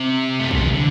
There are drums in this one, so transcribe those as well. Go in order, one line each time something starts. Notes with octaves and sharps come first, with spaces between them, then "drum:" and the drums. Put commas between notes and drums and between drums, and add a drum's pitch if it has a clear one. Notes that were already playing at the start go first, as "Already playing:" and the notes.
Already playing: C3
A3
G3, drum: kick
E3
D3